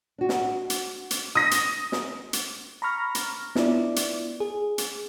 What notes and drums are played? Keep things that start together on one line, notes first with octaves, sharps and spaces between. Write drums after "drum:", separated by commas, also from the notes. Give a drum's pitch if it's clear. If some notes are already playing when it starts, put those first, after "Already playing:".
D4 F#4
drum: snare
drum: hi-hat
drum: hi-hat
D#6 A#6
drum: hi-hat
drum: snare
drum: hi-hat
A#5 B5 C#6 F6 A#6
drum: hi-hat
B3 D4 E4 F4 D5, drum: snare
drum: hi-hat
G#4
drum: hi-hat